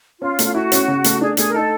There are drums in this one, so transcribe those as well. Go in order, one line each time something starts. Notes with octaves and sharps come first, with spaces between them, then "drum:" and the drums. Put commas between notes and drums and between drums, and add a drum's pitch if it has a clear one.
C#4 F4
A3, drum: hi-hat
F4
E4 F#4
C#4, drum: hi-hat
C#3
A3, drum: hi-hat
D4 G#4
A3 G#4, drum: hi-hat
A#4
D#4 A4